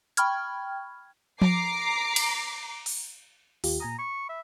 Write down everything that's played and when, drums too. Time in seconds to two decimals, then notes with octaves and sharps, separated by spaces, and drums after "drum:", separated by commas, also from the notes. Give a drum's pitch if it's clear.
0.17 G5 B5 C#6 F6 G#6, drum: hi-hat
1.42 A#5 D6 C7, drum: tom F3
2.16 drum: cymbal
2.86 drum: open hi-hat
3.64 D#2 F4 G4, drum: open hi-hat
3.80 A#2 G#5 A#5 D#6
3.98 B5 C#6
4.29 E5